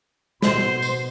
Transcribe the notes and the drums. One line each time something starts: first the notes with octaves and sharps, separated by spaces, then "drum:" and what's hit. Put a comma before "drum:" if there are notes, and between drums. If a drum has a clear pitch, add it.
B2 C5 C6, drum: snare
drum: tambourine